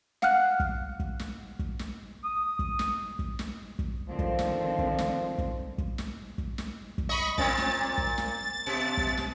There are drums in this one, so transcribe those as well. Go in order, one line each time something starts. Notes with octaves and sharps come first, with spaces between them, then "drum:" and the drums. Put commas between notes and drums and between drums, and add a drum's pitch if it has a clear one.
F5 F#5 F6 F#6, drum: snare
drum: kick
drum: kick
drum: snare
drum: kick
drum: snare
D#6
drum: kick
drum: snare
drum: kick
drum: snare
drum: kick
D3 D#3 F3 C4
drum: kick
drum: snare
drum: kick
drum: snare
drum: kick
drum: kick
drum: snare
drum: kick
drum: snare
drum: kick
D#5 B5 C#6
A#2 C4 A6, drum: kick
drum: snare
drum: kick
drum: snare
B2
drum: kick
drum: snare